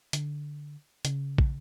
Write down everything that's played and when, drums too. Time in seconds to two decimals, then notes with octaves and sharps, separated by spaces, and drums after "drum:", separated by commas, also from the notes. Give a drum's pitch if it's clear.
0.13 D3, drum: hi-hat
1.05 C#3, drum: hi-hat
1.38 drum: kick